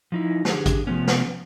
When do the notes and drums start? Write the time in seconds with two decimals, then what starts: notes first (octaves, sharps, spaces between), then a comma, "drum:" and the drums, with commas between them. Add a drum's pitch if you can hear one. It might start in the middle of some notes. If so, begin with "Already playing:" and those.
0.12 F3 D#4 E4
0.45 D3 G4 G#4, drum: snare
0.66 drum: kick G#1, hi-hat
0.87 C3 F3 A3 B3 C#4
1.07 drum: snare